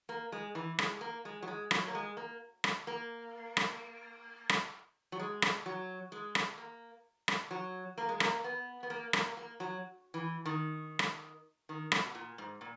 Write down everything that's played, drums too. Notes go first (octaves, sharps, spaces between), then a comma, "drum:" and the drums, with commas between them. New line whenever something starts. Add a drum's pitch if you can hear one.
A#3
G#3
E3
G#3, drum: rim click
A#3
G#3
F#3
G#3
F#3, drum: rim click
A#3
G#3
A#3
drum: rim click
A#3
drum: rim click
drum: rim click
F#3
G#3
drum: rim click
F#3
G#3
drum: rim click
A#3
drum: rim click
F#3
A#3
G#3
A#3, drum: rim click
B3
B3
A#3
A#3, drum: rim click
A#3
F#3
E3
D#3
drum: rim click
D#3
B2, drum: rim click
A#2
G#2
A#2